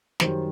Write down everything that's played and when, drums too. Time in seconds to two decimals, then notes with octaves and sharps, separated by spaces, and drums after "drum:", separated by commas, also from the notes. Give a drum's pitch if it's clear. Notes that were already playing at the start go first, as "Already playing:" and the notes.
0.20 F#2 D#3 G3 C5, drum: snare